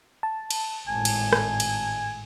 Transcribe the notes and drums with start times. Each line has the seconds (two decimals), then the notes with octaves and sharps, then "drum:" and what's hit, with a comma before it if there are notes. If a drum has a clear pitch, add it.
0.23 A5
0.51 drum: cymbal
0.88 G#1 A2 G#5
1.05 drum: cymbal
1.33 drum: rim click
1.60 drum: cymbal